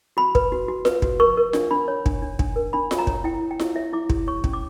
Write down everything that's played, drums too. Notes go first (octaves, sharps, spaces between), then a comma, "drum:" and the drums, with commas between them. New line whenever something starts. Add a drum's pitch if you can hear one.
F#4 B5
B4, drum: kick
F#4
F#4
B4, drum: snare F4
F#4, drum: kick
A#4 C#6
A#4
D4, drum: snare F4
D4 B5
C#5
D4, drum: kick
D4
D4, drum: kick
A#4
D4 B5
D4, drum: snare F4
A#5
C#5, drum: kick
E4 G5
E4
G5
E4, drum: snare F4
C#5 E5
E4 D6
G4, drum: kick
C#5 C#6
C#4, drum: kick
D6